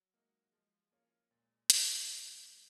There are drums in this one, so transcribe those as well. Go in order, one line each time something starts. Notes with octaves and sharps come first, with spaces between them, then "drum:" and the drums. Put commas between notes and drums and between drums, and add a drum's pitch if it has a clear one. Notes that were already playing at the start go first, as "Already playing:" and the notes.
Already playing: F#3
G#3 A#3 D#4 F#4
F3 G#3
A#3 C#4 F4
A#2 G#3
F#3 G#3 B3 D#4, drum: hi-hat
F#3 G#3
A#3 D#4